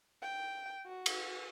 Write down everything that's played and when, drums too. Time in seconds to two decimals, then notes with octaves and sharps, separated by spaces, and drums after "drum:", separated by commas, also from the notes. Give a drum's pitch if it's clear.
0.22 G5
0.86 F#4
1.06 drum: cymbal